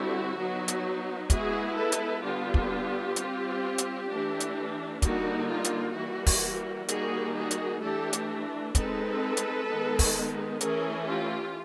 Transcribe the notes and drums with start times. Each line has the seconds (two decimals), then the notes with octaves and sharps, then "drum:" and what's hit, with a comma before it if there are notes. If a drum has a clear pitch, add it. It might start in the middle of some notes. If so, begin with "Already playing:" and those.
Already playing: D3 G3 C4 E4 F#4
0.37 F#3 B3 D#4
0.68 drum: hi-hat
1.30 G#3 B3 E4 F#4 G#4, drum: kick, hi-hat
1.76 A4 B4
1.92 drum: hi-hat
2.23 D3 G3 B3 F4 G4
2.54 drum: kick
3.16 G3 C4 F4, drum: hi-hat
3.78 drum: hi-hat
4.09 E3 A3 D4
4.40 drum: hi-hat
5.02 D3 G3 A#3 D#4 F#4, drum: kick, hi-hat
5.49 F4
5.64 drum: hi-hat
5.96 E3 G3 A#3 F#4
6.26 drum: kick, open hi-hat
6.88 D#3 G3 A#3 D#4 F#4 G#4, drum: hi-hat
7.35 F#4 G#4
7.51 drum: hi-hat
7.81 E3 A3 D4 G4 A4
8.13 drum: hi-hat
8.75 G#3 C4 D#4 A4 B4, drum: kick, hi-hat
9.37 drum: hi-hat
9.68 D#3 G#3 B3 D#4
9.99 drum: kick, open hi-hat
10.61 E3 A3 C#4 G#4 A#4, drum: hi-hat
11.07 F4 G4